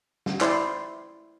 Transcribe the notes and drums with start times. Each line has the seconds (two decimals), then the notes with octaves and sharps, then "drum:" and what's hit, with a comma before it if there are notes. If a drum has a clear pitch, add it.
0.26 drum: snare
0.41 E4 C5 D5 C6, drum: clap